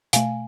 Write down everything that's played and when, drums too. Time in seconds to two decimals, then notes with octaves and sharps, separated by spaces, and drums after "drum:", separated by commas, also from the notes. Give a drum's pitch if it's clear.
0.13 B2 A3 F5 G#5, drum: hi-hat